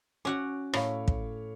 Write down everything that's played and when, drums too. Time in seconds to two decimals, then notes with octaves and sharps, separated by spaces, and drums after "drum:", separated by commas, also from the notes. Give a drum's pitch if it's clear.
0.25 C#4 F#4 F#5 D6
0.73 A2 C#5 F5 B5, drum: rim click
1.08 drum: kick